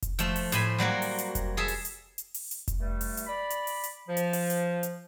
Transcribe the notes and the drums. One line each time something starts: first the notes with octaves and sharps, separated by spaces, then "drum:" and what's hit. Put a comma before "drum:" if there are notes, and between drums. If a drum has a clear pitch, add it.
drum: kick F1, hi-hat
F3 A3, drum: hi-hat
drum: open hi-hat
A2 C5 G#5 B5, drum: hi-hat
F#3 G3 A#3 F#4
drum: open hi-hat
drum: hi-hat
drum: kick F1, hi-hat
G#4 A4 E5
drum: open hi-hat
drum: hi-hat
drum: hi-hat
drum: open hi-hat
drum: hi-hat
drum: kick F1, hi-hat
G2 G3 A3
drum: open hi-hat
drum: hi-hat
D5 B5
drum: hi-hat
drum: open hi-hat
drum: hi-hat
F3
drum: hi-hat
drum: open hi-hat
drum: hi-hat
drum: hi-hat